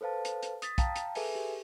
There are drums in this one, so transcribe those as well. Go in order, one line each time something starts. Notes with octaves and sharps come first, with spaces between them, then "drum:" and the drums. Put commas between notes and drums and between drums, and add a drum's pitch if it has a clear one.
A4 B4 C5 F5 A5
drum: hi-hat
drum: hi-hat
D#6 A6 B6, drum: hi-hat
F5 G5 A5 A#5, drum: kick, hi-hat
drum: hi-hat
G#4 A4 B4 E5 G#5, drum: open hi-hat
G4